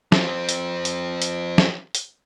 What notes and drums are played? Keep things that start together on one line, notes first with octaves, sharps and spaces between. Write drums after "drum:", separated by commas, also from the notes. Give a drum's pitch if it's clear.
F3 C4, drum: snare
drum: hi-hat
drum: hi-hat
drum: hi-hat
drum: snare
drum: hi-hat